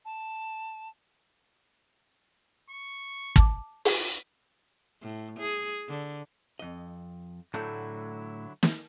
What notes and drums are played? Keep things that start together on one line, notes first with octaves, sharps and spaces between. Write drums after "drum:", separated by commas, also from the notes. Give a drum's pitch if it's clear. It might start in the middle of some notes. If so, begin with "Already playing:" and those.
A5
C#6
A5 D6, drum: kick
drum: open hi-hat
A2
G#4
D3
F2 D#5
A2 D3 F#3 A3 E4 F#5
drum: snare